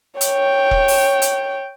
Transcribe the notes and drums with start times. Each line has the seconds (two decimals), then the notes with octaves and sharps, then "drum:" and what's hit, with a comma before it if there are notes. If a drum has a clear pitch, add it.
0.21 C#5 G5, drum: hi-hat
0.71 drum: kick E1
0.88 drum: open hi-hat
1.22 drum: hi-hat